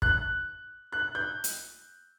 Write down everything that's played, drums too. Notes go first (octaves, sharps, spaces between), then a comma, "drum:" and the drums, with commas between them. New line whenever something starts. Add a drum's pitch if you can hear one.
F#6, drum: kick
F#6
G6
drum: hi-hat